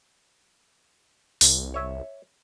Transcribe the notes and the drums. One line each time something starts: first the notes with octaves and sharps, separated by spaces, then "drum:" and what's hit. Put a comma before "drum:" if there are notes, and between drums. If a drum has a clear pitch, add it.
C2, drum: open hi-hat
C#5 E5